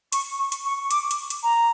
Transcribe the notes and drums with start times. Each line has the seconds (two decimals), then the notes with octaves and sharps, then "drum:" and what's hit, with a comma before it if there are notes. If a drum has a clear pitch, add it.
0.12 C#6, drum: hi-hat
0.39 C#6
0.52 drum: hi-hat
0.65 C#6
0.91 D6, drum: hi-hat
1.11 drum: hi-hat
1.30 drum: hi-hat
1.43 A#5